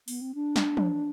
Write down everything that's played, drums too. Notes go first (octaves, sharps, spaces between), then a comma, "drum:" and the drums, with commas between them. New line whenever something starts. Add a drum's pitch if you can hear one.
B3, drum: open hi-hat
C4
D4
drum: snare
drum: tom